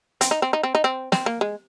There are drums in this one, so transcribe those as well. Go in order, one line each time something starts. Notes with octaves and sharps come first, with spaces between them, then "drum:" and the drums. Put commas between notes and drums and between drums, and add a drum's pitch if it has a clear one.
C4, drum: hi-hat
D#4
C4
D#4
C4
D#4
C4
C4, drum: snare
A#3
G#3